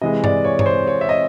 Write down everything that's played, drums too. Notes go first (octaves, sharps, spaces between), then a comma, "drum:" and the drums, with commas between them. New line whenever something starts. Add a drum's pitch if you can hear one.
C3 E3 G#3 D#5
D5, drum: tom G2
C#5
C#5, drum: tom G2
C5
C#5
E5
D#5